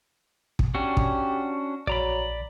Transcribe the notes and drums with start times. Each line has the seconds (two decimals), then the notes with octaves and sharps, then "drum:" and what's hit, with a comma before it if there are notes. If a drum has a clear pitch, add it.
0.59 drum: kick
0.75 C#4 D4 F#4 G4
0.97 drum: kick
1.87 A#1 F#3 D5 A#5 B5